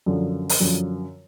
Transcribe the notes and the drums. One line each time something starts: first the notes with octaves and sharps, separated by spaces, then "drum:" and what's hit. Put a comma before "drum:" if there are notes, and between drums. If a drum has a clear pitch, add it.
F#2 D3 F3
drum: open hi-hat
F#2 D3 F3